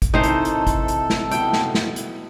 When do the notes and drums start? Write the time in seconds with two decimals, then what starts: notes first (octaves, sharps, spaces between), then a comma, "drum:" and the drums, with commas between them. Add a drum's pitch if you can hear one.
0.02 drum: kick, hi-hat
0.14 C3 E3 D#4 A4 A#4 C5 C#5
0.23 drum: hi-hat
0.45 drum: hi-hat
0.67 drum: kick, hi-hat
0.88 drum: hi-hat
1.10 drum: snare
1.31 B2 E4 G5, drum: hi-hat
1.53 drum: snare
1.75 drum: snare
1.96 drum: hi-hat